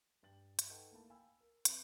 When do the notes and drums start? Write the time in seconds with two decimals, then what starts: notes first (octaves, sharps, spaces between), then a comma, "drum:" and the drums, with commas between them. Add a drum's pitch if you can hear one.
0.23 G2 G5 A6 F#7
0.59 drum: hi-hat
0.70 D#4 A4 B4 F#5 G5
0.91 A3 A#3 E4 A5
1.10 F5 G5 G#5 B5 E6
1.41 A#4
1.65 F2 F4 B4 F#6 D7 E7, drum: hi-hat